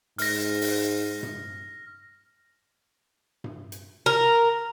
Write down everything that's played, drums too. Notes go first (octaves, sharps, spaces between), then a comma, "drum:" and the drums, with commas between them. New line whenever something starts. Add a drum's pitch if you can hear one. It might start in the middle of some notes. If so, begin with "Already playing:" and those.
G#2 F6 A#6, drum: open hi-hat
drum: open hi-hat
drum: tom G2
drum: tom G2
drum: hi-hat
A#4